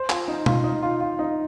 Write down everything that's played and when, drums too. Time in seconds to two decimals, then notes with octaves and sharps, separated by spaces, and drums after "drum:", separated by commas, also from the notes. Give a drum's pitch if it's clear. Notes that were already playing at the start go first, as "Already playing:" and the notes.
Already playing: C5
0.10 F4, drum: clap
0.28 D#4
0.46 F4, drum: tom B2
0.64 D#4
0.83 F4
1.00 F4
1.19 D#4